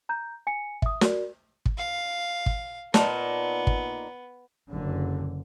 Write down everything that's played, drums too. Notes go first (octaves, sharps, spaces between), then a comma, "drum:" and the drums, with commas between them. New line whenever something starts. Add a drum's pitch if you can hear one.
A#5 G6
G#5 C#7
E5 D#6, drum: kick
F#4 A#4 D5, drum: snare
drum: kick
F5
drum: kick
A#2 B3 D#4 A5, drum: snare
drum: kick
F#1 D3